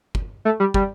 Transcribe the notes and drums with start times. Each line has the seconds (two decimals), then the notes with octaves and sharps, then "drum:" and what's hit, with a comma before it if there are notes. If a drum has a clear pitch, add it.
0.15 drum: kick
0.45 A3
0.60 G3
0.74 G3, drum: kick